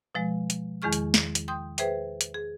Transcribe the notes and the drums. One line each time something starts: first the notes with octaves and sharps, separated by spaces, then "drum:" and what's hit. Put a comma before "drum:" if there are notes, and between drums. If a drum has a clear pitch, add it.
B2 F3 G#3
drum: hi-hat
E2 D#3 G#3 G#4 C#6 F6
drum: hi-hat
drum: snare
drum: hi-hat
G5 C6 D#6 G6
G#4 B4 C5 E5 G5, drum: hi-hat
drum: hi-hat
G#4